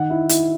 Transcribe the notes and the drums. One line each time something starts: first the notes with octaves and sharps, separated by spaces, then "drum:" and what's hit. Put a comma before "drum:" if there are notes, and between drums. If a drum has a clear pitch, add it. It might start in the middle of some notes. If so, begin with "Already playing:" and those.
Already playing: D#3 F#5
E4
E4, drum: hi-hat